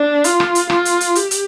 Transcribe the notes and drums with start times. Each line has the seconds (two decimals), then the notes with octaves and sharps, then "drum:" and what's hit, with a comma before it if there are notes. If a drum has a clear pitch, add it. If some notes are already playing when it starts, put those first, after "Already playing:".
Already playing: D4
0.24 F4, drum: hi-hat
0.40 drum: rim click
0.55 drum: hi-hat
0.70 F4, drum: rim click
0.85 drum: hi-hat
1.01 drum: hi-hat
1.15 G4, drum: hi-hat
1.31 drum: hi-hat